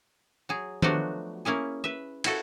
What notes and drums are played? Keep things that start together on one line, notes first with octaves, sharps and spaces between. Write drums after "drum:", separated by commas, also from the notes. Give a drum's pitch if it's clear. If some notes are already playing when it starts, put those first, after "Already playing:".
F#3 G#4
F3 F#3 A3 B3 D4 F#4, drum: tom D#3
A#3 C#4 E4 G#4
B4 E5
E4 F#4 A4, drum: cymbal